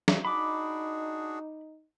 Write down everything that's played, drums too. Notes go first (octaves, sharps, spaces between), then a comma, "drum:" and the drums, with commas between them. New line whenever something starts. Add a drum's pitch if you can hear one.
drum: snare
D4 D#4 F#4 G#4 B5 D6